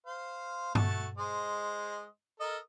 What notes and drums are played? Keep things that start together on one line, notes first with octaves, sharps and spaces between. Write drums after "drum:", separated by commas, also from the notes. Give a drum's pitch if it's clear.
C5 F5
A3 F#4 A5, drum: tom G2
G#3 C5 D#5
A4 A#4 D#5